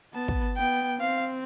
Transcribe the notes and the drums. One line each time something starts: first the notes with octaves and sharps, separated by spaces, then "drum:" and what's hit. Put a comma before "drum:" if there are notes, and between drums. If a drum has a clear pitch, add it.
B3 A5
drum: kick
B3 G5
C4 F5